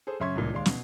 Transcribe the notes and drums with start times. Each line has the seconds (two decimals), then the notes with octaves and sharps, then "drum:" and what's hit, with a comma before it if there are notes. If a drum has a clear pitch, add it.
0.07 G#4 A4 C5
0.20 F#2 C#3 E5 C6 C#6 G#6
0.35 C#2 G2 A#2 E3
0.53 D#2 G#3 D5 F5 C6
0.66 B2, drum: snare